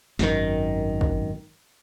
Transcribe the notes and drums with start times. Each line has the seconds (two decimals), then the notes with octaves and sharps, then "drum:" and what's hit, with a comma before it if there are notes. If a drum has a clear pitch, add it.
0.19 G#1 F#2 C3 D#3, drum: snare
1.01 drum: kick